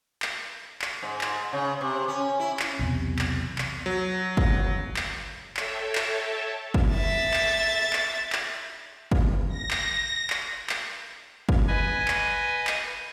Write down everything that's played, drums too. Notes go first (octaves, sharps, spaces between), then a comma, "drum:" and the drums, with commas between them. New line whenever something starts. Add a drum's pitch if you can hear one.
drum: clap
drum: clap
G#2
drum: clap
C#3
C3
C#4
E4
drum: clap
B1 E2 C3
drum: clap
drum: clap
F#3
drum: kick
drum: clap
A4 C#5 E5 G5 A5, drum: clap
drum: clap
drum: kick
E5 A6
drum: clap
drum: clap
drum: clap
drum: kick
A#6
drum: clap
drum: clap
drum: clap
drum: kick
B4 D#5 G#5
drum: clap
drum: clap